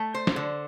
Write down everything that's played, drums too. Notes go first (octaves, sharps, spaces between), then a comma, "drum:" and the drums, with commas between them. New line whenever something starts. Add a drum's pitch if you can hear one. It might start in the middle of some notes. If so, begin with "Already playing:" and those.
Already playing: A3
C5
drum: snare
D3